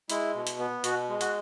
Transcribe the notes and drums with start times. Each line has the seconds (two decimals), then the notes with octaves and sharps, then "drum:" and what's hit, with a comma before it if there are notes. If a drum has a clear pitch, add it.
0.10 G#3 E4, drum: hi-hat
0.35 B2
0.47 drum: hi-hat
0.59 B3
0.84 B2 F#4, drum: hi-hat
1.09 G#3
1.21 F#4, drum: hi-hat